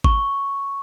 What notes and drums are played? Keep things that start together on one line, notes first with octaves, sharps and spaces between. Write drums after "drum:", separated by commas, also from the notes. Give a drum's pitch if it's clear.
C#6, drum: kick G#1